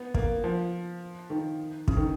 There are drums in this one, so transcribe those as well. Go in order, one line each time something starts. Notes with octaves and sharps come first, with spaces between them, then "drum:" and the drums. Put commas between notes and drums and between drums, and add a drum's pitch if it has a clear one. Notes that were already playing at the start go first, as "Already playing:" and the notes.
Already playing: B3
A#3, drum: kick
F3
D#3
C#3, drum: kick
D#3